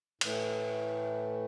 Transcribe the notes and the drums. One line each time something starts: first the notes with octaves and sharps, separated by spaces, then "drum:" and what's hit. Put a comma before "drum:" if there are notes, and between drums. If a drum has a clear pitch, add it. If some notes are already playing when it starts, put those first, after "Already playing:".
A2 E3 A3, drum: cymbal